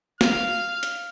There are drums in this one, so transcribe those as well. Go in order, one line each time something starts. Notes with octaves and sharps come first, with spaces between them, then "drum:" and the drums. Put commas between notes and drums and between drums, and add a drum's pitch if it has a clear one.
F5 F6, drum: snare
drum: hi-hat